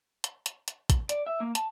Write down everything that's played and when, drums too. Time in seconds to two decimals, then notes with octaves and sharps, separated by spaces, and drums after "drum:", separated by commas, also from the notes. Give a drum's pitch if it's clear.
0.24 drum: hi-hat
0.46 drum: hi-hat
0.68 drum: hi-hat
0.90 drum: kick, hi-hat
1.09 D5, drum: hi-hat
1.26 E5
1.40 A#3
1.55 A5, drum: hi-hat